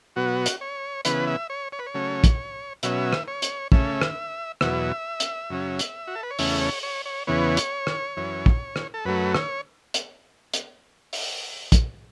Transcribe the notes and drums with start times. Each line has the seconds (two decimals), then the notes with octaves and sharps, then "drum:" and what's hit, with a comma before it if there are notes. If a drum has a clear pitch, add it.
0.16 B2 F#3 B3 F#4
0.46 drum: hi-hat
0.61 C#5
1.05 C#3 E3 B3 B4, drum: hi-hat
1.27 E5
1.50 C#5
1.72 C#5
1.79 B4
1.86 C#5
1.94 C#3 F#3 A3 C#4
2.24 drum: kick, hi-hat
2.83 B2 F#3 C#4 E5, drum: hi-hat
3.13 drum: rim click
3.28 C#5
3.42 drum: hi-hat
3.72 C#3 A3 C#4 E5, drum: kick
4.02 drum: rim click
4.61 E2 B2 F#3 E5, drum: rim click
5.20 drum: hi-hat
5.50 F#2 C#3 F#3 C#4
5.79 drum: hi-hat
6.07 F#4
6.15 A4
6.23 B4
6.31 C#5
6.39 E2 C#3 A3 C#4 E5, drum: open hi-hat
6.61 C#5
6.83 C#5
7.06 C#5
7.27 E2 C#3 E3 B3 C#5
7.57 drum: hi-hat
7.87 drum: rim click
8.17 F#2 E3 C#4
8.46 drum: kick
8.76 drum: rim click
8.94 A4
9.05 F#2 F#3 A3 B4
9.35 C#5, drum: rim click
9.94 drum: hi-hat
10.54 drum: hi-hat
11.13 drum: open hi-hat
11.72 drum: kick, hi-hat